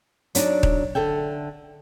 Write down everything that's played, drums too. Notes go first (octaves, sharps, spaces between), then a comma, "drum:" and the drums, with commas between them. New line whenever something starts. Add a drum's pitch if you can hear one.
F#3 D4 D#4 D5, drum: hi-hat
drum: kick D#1
D3 A4 E5 G5